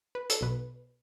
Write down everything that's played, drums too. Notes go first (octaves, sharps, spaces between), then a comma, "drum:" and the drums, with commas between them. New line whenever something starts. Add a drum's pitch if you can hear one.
B4
A4, drum: hi-hat
B1 B2 B4